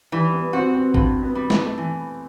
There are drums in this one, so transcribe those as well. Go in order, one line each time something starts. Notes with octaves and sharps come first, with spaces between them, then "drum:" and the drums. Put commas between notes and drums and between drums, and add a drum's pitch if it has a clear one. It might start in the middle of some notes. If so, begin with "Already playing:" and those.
E3 G3
B3
C4 F#4
C4
G2, drum: kick G#1
B3
G3
A3, drum: snare
E3